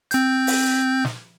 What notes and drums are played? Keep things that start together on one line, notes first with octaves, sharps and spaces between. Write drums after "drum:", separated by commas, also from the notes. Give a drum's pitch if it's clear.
C4 G6, drum: hi-hat
drum: open hi-hat
drum: snare